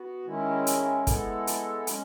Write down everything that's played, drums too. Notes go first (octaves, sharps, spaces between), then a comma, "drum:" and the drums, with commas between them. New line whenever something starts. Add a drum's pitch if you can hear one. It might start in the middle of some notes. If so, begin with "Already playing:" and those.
Already playing: B3 F#4
D#3 G#3 C#4 E4
drum: hi-hat
G#3 B3 E4 A4, drum: kick, hi-hat
drum: hi-hat
G#3 C#4, drum: hi-hat